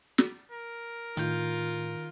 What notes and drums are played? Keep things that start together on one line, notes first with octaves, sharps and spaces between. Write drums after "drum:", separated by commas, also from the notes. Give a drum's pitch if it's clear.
drum: snare
A#4
A2 D#3 F4 G6, drum: hi-hat